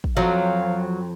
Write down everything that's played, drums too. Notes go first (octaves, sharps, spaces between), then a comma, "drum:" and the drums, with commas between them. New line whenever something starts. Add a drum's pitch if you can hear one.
drum: kick
F2 F#3 F5